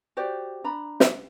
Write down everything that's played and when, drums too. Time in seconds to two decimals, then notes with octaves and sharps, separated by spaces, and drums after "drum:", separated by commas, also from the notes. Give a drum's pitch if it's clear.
0.17 F#4 G4 C5 D5
0.64 D4 A#5 B5
1.00 drum: snare